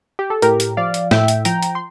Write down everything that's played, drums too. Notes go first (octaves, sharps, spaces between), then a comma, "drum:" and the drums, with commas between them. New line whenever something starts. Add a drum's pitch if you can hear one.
G4
A4
A2 G4 A#4, drum: hi-hat
drum: hi-hat
F3 D5 F5
drum: hi-hat
A2 E5 G5, drum: snare A3
drum: hi-hat
F3 G5 A#5, drum: hi-hat
drum: hi-hat
C6